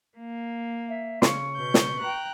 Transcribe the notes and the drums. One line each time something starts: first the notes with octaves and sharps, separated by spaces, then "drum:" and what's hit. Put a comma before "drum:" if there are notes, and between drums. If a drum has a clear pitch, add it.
A#3
E5
C#3 C#4 C6 C#6, drum: snare
B2 G6
drum: snare
G5 A#5 F#6